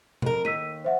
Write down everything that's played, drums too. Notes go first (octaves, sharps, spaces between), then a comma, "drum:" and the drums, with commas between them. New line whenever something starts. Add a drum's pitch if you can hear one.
F2 A#4, drum: tom B2
D#2 E6 B6 D#7
C5 E5 F#5